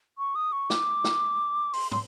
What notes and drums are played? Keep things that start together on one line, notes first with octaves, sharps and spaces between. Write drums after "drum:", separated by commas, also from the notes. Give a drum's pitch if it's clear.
C#6
D#6
C#6
D6, drum: snare
drum: snare
C6, drum: open hi-hat
C6, drum: tom